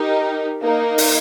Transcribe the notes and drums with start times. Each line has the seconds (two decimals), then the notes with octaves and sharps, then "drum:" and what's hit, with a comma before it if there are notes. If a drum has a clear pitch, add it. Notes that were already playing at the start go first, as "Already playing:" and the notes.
Already playing: D#4 G4 A#4
0.63 A#3 D#4 A#4
0.98 drum: open hi-hat